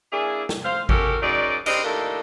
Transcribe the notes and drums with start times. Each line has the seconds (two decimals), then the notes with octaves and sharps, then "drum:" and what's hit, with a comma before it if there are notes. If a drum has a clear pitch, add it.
0.13 A#3 D4 E4 G#4
0.49 drum: snare
0.65 C5 F5
0.89 C#4 F#4 G4 A4 A#4, drum: kick G#1
1.22 F#2 F#3 D#4 G#4 D5
1.66 G3 C4 D4 A#4 C5 D#5, drum: cymbal
1.84 A2 D#3 A#3 D4 G4 A4